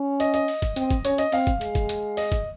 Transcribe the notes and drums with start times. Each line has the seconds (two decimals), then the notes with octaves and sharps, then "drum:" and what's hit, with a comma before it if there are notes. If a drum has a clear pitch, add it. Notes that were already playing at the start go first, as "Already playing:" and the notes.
Already playing: C#4
0.20 D#5, drum: hi-hat
0.34 D#5, drum: hi-hat
0.48 drum: open hi-hat
0.62 drum: kick, hi-hat
0.76 C4, drum: hi-hat
0.90 drum: kick, hi-hat
1.05 C#4 C#5, drum: hi-hat
1.18 D#5, drum: hi-hat
1.32 C4 F5, drum: open hi-hat
1.47 drum: kick, hi-hat
1.61 G#3, drum: hi-hat
1.75 drum: kick, hi-hat
1.89 drum: hi-hat
2.17 D#5, drum: open hi-hat
2.32 drum: kick, hi-hat